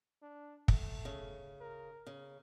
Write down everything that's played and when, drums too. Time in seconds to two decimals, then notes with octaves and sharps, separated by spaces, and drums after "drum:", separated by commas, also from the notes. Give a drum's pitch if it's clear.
0.22 D4
0.68 A3, drum: kick
1.05 C#3
1.61 A#4
2.07 C#3